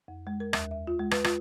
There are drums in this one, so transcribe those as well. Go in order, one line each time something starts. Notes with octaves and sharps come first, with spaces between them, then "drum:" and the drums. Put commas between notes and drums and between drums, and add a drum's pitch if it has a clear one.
F2
G#3
A#4
D#2, drum: rim click
E5
F4
G#3
B4, drum: rim click
F4, drum: rim click